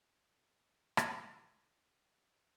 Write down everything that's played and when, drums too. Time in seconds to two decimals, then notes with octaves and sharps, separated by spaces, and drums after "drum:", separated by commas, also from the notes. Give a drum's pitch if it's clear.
0.04 E1
0.64 A#1 F2 G#2
0.97 drum: rim click
1.08 B2 F#3 G3
1.65 B1 F#3 G#3
1.86 E1 D#2 E3 F3